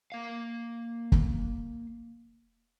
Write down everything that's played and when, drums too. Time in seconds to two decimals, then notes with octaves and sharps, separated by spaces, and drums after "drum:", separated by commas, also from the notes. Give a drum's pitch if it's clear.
0.12 A#3 F5
1.12 drum: kick